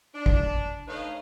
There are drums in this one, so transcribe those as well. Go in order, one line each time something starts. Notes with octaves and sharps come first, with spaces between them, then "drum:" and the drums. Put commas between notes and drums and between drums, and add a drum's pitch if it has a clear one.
D4
drum: kick
A3 D#4 B4 C#5 D#5 F5